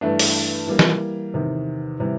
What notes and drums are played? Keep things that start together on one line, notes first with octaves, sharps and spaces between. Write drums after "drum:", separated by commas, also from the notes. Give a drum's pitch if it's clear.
G2 E3 A3 D4
drum: open hi-hat
E3 G3 A#3
drum: snare
E2 C3 D#3
C3 E3 G3